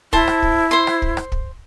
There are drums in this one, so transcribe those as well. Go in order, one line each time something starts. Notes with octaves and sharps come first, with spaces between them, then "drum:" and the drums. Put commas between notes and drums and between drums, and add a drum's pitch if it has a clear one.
E4 C5 A5, drum: kick
drum: rim click
drum: kick
C5 C6
drum: rim click
drum: kick
drum: rim click
drum: kick